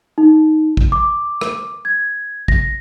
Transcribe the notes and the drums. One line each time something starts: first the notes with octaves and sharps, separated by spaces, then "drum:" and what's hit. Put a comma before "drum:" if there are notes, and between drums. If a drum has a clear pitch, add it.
D#4
drum: kick
D6
drum: rim click
G#6
A#6, drum: kick